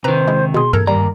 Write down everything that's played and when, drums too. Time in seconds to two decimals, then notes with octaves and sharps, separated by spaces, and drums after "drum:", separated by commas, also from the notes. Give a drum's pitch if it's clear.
0.04 C3 D#3 B4 C5 A#5
0.27 G#3 E4
0.54 B2 G#4 C6
0.73 A4 A#4 A#5 G#6, drum: tom G2
0.87 D#2 G3 A#4 A#5